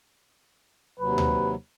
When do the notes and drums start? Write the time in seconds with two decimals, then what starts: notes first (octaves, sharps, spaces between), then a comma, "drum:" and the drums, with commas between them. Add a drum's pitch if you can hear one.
1.00 D#2 C3 F#3 B4
1.18 drum: tom D2